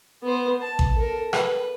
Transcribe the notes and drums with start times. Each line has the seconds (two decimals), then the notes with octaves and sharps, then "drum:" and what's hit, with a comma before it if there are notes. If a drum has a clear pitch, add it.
0.23 B3 C5
0.61 A5
0.79 drum: kick A1
0.96 A4 A#4
1.33 B4, drum: rim click